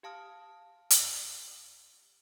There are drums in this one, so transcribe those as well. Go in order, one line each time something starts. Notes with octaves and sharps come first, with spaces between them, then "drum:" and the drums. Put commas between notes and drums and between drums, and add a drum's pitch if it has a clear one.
G4 F5 A5 D#6 F6
drum: hi-hat